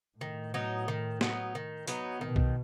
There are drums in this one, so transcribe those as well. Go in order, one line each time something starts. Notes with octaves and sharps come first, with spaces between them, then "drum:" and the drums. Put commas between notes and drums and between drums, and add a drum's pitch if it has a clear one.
A2 D#3
F#3 B3 D#4
D#3
F#3 B3 D#4, drum: snare
D#3
F#3 B3 D#4, drum: hi-hat
B2 D#3
drum: kick B1